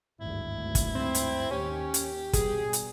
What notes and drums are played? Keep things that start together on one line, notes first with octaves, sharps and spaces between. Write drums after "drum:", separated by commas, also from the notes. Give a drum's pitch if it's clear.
G#1 D2 G2 E4
drum: kick, hi-hat
C4
drum: hi-hat
D#2 D#3 C#4 G4
drum: hi-hat
G2 B2 G3 G#4, drum: kick, hi-hat
drum: hi-hat